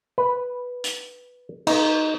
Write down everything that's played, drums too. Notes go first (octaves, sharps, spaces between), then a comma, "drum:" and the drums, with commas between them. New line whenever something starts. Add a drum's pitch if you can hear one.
B4
drum: hi-hat
D#4, drum: cymbal